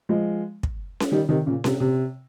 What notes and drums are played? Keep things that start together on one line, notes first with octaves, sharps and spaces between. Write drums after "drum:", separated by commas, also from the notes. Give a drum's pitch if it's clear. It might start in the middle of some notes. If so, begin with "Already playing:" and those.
F3 G#3
drum: kick
drum: snare C#4
D#3 G3
C3 D#3
A#2 C#3
C3, drum: snare C#4
C3